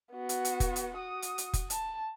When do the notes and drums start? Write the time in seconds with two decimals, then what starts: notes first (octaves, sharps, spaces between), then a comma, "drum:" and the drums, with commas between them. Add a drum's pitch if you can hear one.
0.14 B3 F#4
0.29 drum: hi-hat
0.45 drum: hi-hat
0.60 drum: kick F1, hi-hat
0.76 drum: hi-hat
0.95 F#4 D#6
1.22 drum: hi-hat
1.38 drum: hi-hat
1.53 drum: kick F1, hi-hat
1.70 A5, drum: hi-hat